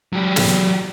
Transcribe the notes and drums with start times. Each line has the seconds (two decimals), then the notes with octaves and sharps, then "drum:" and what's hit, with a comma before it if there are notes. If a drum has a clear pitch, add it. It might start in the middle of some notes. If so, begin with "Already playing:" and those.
0.13 F#3 G4
0.36 drum: snare